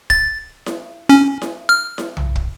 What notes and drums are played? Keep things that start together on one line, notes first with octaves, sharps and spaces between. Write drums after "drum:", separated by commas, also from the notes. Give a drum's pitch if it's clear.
A6, drum: kick
drum: snare E4
C#4
drum: snare E4
F6
drum: snare E4
drum: tom B1
drum: kick